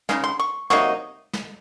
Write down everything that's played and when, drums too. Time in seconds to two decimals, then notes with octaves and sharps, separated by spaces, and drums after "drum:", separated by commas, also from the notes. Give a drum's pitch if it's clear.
0.09 C#3 G#3 D#4, drum: snare
0.24 C6
0.39 C#6
0.70 C3 F#3 A#3 D#4 C#6, drum: snare
1.33 drum: snare